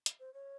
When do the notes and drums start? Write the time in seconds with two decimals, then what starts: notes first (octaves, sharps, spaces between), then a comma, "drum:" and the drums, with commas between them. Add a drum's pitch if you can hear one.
0.06 drum: hi-hat
0.20 C5
0.34 C#5